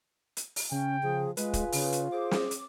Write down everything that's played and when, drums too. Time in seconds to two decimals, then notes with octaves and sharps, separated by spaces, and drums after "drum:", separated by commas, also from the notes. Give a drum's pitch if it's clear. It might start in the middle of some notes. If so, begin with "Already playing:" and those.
0.37 drum: hi-hat
0.56 drum: open hi-hat
0.72 C#3 C#4 G5
1.03 C#3 F3 G#4
1.37 G#3 F4 G#4 B4, drum: hi-hat
1.53 drum: kick, hi-hat
1.72 C#3, drum: open hi-hat
1.92 drum: hi-hat
2.12 G#4 C5 D6
2.31 drum: snare
2.51 drum: hi-hat